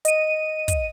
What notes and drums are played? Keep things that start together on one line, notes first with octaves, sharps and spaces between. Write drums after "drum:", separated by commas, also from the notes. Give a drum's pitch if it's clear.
D#5 D#7, drum: hi-hat
drum: kick, hi-hat